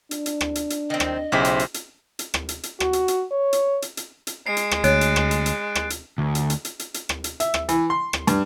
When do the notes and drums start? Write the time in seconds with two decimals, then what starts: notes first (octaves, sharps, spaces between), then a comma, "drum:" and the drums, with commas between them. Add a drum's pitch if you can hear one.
0.11 D4, drum: hi-hat
0.26 drum: hi-hat
0.41 drum: rim click
0.55 drum: hi-hat
0.70 drum: hi-hat
0.90 D#3 C4 D#5
1.00 drum: rim click
1.32 B1 C#3 E4 G4 C5 B6
1.45 drum: hi-hat
1.59 drum: hi-hat
1.74 drum: hi-hat
2.19 drum: hi-hat
2.34 drum: rim click
2.49 drum: hi-hat
2.63 drum: hi-hat
2.80 F#4, drum: rim click
2.93 drum: hi-hat
3.08 drum: hi-hat
3.31 C#5
3.53 drum: hi-hat
3.82 drum: hi-hat
3.97 drum: hi-hat
4.27 drum: hi-hat
4.46 G#3 C7 D7
4.57 drum: hi-hat
4.71 drum: rim click
4.84 D2 C#5 F#6 A6 D7, drum: hi-hat
5.01 drum: hi-hat
5.16 drum: rim click
5.31 drum: hi-hat
5.46 drum: hi-hat
5.75 drum: rim click
5.90 drum: hi-hat
6.18 D2
6.35 drum: hi-hat
6.50 drum: hi-hat
6.65 drum: hi-hat
6.79 drum: hi-hat
6.94 drum: hi-hat
7.09 drum: rim click
7.24 drum: hi-hat
7.40 E5, drum: hi-hat
7.54 drum: rim click
7.69 E3, drum: hi-hat
7.90 C6
8.13 drum: rim click
8.27 G2, drum: hi-hat